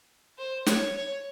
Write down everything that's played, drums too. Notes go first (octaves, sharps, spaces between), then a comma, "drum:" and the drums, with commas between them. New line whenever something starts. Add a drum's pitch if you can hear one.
C5
C#5, drum: snare
C#5